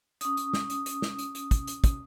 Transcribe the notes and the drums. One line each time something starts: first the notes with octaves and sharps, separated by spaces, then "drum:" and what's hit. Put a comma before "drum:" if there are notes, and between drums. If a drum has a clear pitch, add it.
C#4 D#6, drum: hi-hat
drum: hi-hat
drum: snare
drum: hi-hat
drum: hi-hat
drum: snare
drum: hi-hat
drum: hi-hat
drum: kick, hi-hat
drum: hi-hat
drum: kick, hi-hat